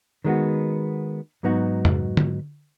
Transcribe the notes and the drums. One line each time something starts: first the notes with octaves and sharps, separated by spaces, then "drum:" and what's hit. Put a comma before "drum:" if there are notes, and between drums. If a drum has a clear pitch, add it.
D#3 G#3 B3 F#4
G#2 F#3 B3 D#4 F#4
drum: tom F2
drum: tom D3